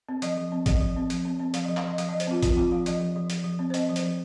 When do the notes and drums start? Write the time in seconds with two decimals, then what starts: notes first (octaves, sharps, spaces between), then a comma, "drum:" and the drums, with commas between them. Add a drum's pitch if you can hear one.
0.09 C4
0.22 F3 D#5, drum: hi-hat
0.37 F3
0.52 C4
0.66 F3 D#5, drum: kick G#1, hi-hat
0.81 F3
0.96 C4
1.10 F3, drum: hi-hat
1.25 C4
1.40 C4
1.54 F3 F5, drum: hi-hat
1.65 D#5
1.68 F3
1.77 F5, drum: clap
1.84 F3 D#5
1.98 F3 F5, drum: hi-hat
2.09 D#5
2.12 F3
2.20 C5, drum: hi-hat
2.27 C4 F4
2.43 F3 F4, drum: kick G#1, hi-hat
2.56 C4 F4
2.72 F3 F5
2.86 F3 D#5, drum: hi-hat
3.00 F3
3.16 F3
3.30 F3, drum: hi-hat
3.44 F3
3.59 C4
3.70 C5
3.74 C4 D#5, drum: hi-hat
3.89 F3
3.96 C5, drum: hi-hat
4.03 F3